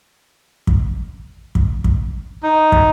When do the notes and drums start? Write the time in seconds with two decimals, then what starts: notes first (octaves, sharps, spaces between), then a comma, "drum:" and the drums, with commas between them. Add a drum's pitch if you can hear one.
0.67 drum: kick
1.55 drum: kick
1.84 drum: kick
2.43 D#4
2.72 drum: kick